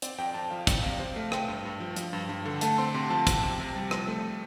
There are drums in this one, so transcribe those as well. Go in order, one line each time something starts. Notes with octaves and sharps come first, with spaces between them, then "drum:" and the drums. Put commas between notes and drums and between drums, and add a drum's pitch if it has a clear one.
C4 D5, drum: hi-hat
F2 G5
F2 A5
F3 F5
C4 D5, drum: kick, hi-hat
C3 F5
C3 C5
A3 F5
A3 G5, drum: rim click
G2
G2
F3
F3, drum: hi-hat
G2
G2
D3
A3 A5, drum: hi-hat
C4 C6
C3 C6
F3 A5
C4 A5, drum: kick, hi-hat
C3
C3
G3
F3, drum: rim click
A3